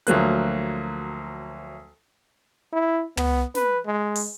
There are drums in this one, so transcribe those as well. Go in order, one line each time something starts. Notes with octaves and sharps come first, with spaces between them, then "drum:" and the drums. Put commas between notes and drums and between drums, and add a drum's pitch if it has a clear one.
D2 F3 F#3 A#3 F#6, drum: hi-hat
E4
B3, drum: tom
B4, drum: snare
G#3
drum: open hi-hat